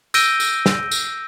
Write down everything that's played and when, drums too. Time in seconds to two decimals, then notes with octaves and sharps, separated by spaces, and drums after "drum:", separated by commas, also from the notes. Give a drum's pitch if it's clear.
0.14 E6 G6 A#6 D7 D#7 G7, drum: tambourine
0.40 drum: tambourine
0.66 drum: snare
0.91 drum: tambourine